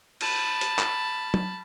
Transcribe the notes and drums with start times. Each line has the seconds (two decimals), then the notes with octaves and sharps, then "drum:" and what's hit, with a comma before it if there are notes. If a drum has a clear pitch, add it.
0.21 A5 B5, drum: cymbal
0.61 drum: hi-hat
0.79 drum: clap
1.34 drum: tom F#3